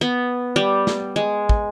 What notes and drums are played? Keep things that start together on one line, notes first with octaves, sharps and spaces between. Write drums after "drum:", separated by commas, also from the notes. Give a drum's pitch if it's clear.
B3
G3
drum: snare
G#3
drum: kick